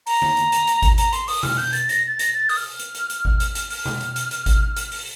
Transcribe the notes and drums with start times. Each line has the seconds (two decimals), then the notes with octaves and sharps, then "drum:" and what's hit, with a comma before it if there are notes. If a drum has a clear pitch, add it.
0.07 A#5, drum: open hi-hat
0.22 drum: tom D3
0.37 drum: hi-hat
0.52 drum: hi-hat
0.67 drum: hi-hat
0.82 drum: kick G#1, hi-hat
0.98 A#5, drum: hi-hat
1.13 C6, drum: hi-hat
1.28 D#6, drum: open hi-hat
1.43 F6, drum: tom B2
1.58 G6
1.73 A6, drum: hi-hat
1.89 A#6, drum: hi-hat
2.07 A6
2.19 A#6, drum: hi-hat
2.34 A6
2.49 D#6, drum: open hi-hat
2.57 F6
2.79 drum: hi-hat
2.95 drum: hi-hat
3.10 drum: hi-hat
3.25 drum: kick G#1
3.40 drum: hi-hat
3.55 drum: hi-hat
3.70 F6, drum: open hi-hat
3.86 drum: tom B2
4.01 drum: hi-hat
4.16 drum: hi-hat
4.31 drum: hi-hat
4.46 drum: kick G#1, hi-hat
4.76 drum: hi-hat
4.92 drum: open hi-hat